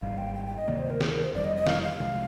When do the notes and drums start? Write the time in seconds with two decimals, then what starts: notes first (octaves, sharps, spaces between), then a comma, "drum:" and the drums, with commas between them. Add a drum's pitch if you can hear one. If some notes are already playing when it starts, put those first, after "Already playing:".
0.02 G#1 G#2 G3 F5
0.18 G5
0.35 G5
0.46 G5
0.57 D#5
0.68 D2 C3 D#3 A#3 D5
0.78 C5
0.90 A#4
1.01 G#4, drum: snare
1.12 A#4
1.23 C5
1.34 F1 F2 C3 G3 D5
1.44 D#5
1.56 D#5
1.67 F5, drum: snare
1.83 F5
2.00 C2 C3 F3 G#3